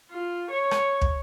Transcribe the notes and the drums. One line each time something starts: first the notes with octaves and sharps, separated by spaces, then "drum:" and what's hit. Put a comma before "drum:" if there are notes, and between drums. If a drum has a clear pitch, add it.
F4
C#5
drum: rim click
drum: kick